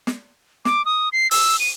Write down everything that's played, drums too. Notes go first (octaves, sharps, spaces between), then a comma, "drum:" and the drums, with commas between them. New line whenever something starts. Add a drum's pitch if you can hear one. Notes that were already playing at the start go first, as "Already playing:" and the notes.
drum: snare
D6, drum: snare
D#6
C7
E6, drum: open hi-hat
D#7